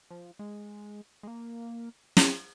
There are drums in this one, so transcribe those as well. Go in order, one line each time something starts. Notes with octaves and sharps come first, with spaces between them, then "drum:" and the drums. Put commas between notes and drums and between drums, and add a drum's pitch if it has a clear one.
F3
G#3
G#3
A#3
A#3, drum: snare
C4